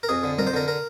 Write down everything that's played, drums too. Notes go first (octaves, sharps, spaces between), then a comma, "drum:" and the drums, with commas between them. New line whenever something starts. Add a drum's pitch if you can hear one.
A#4
F2 G#4
D3
F2 A#4, drum: tom F#3
C5
D3 A#4
A#4